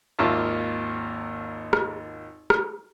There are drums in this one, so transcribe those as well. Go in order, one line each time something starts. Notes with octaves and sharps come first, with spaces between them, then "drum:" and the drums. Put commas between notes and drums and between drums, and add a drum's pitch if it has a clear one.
G#1 D#2 A#3 F4 E5 A5
drum: rim click
drum: rim click